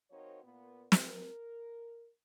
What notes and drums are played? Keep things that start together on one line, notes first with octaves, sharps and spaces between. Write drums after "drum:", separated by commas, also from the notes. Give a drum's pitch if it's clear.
F3 C4 D#4 F#4 A#4 C#5
A#2 B3
drum: snare
A#4